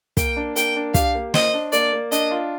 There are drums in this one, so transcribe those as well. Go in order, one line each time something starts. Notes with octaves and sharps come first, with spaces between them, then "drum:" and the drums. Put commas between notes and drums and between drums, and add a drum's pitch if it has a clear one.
A#3 G5, drum: kick, hi-hat
D4
A#3 G5, drum: hi-hat
D4
G4 F5, drum: kick, hi-hat
A#3
C5 D#5, drum: snare
D4
A#3 D5, drum: hi-hat
A#3
D4 D#5, drum: hi-hat
F4